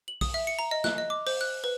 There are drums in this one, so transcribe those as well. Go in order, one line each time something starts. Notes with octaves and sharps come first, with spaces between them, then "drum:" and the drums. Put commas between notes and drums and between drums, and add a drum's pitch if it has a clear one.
F#7
D#6, drum: kick B1, open hi-hat
E5
C#7
A#5
D#5
F#6, drum: snare
D#5
D6
C5, drum: open hi-hat
F#6
B4